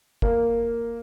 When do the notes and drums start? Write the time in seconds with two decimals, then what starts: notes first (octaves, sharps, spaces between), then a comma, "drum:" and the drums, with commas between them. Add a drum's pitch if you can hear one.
0.22 A#3, drum: kick